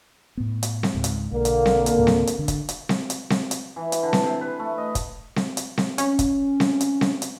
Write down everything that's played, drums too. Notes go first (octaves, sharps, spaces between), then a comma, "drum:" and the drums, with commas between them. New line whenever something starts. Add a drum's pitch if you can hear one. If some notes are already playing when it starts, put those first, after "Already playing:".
A2 B3
drum: hi-hat
drum: snare C4
C#2 G#2
drum: hi-hat
B1 D3 A#3
drum: hi-hat
drum: snare C4
drum: hi-hat
C#2 G#2 C3
drum: snare C4
drum: hi-hat
D3
drum: kick, hi-hat
drum: hi-hat
drum: snare C4
drum: hi-hat
drum: snare C4
drum: hi-hat
E3
drum: hi-hat
D3
drum: snare C4
C3
B4
A3
D#5
drum: kick, hi-hat
drum: snare C4
drum: hi-hat
drum: snare C4
C#4, drum: hi-hat
drum: kick, hi-hat
drum: snare C4
drum: hi-hat
drum: snare C4
drum: hi-hat